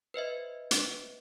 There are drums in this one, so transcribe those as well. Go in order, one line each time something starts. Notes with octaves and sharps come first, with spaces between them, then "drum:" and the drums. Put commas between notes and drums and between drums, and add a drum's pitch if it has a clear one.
B4 C5 D#5 E5
drum: hi-hat